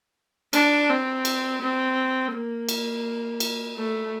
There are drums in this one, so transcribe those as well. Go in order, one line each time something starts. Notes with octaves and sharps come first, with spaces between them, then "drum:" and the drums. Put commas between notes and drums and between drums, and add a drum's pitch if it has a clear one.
D4, drum: cymbal
C4
drum: cymbal
C4
A#3
drum: cymbal
drum: cymbal
A3